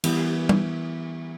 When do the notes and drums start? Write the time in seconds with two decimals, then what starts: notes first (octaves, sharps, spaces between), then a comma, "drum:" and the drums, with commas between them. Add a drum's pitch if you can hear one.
0.04 E3 G3 B3, drum: cymbal
0.49 drum: tom